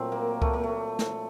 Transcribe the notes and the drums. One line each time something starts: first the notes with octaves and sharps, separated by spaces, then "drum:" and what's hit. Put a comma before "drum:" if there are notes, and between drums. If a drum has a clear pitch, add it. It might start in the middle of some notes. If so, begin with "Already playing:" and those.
Already playing: A#2 F#3 A3 C4
A#3
A3, drum: kick C#2
A#3
A3
drum: snare